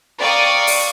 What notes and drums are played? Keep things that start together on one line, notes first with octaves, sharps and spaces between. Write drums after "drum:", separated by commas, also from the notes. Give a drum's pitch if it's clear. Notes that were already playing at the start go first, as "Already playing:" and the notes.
D5 F5 G5 A#5 C#6 D#6
drum: open hi-hat